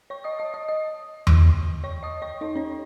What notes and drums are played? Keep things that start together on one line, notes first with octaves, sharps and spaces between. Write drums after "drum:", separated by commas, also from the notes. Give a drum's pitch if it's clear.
C#5 C#6
D#5 D#6
D#5 D#6
D#5 D#6
D#5 D#6
drum: tom E2
C#5 C#6
D#5 D#6
C#5 C#6
D#4 D#5
C#4 C#5